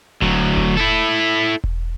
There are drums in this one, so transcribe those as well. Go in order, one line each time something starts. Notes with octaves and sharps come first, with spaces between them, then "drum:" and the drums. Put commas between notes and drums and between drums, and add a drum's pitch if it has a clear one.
D2 F#3, drum: kick E1
drum: kick E1
E4 A4
drum: kick E1